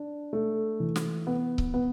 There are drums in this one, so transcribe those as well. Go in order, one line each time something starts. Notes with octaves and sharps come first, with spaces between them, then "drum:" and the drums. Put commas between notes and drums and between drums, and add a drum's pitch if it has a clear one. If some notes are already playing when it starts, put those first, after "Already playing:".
Already playing: D4
A3
E3
drum: snare
B3
drum: kick C#1
B3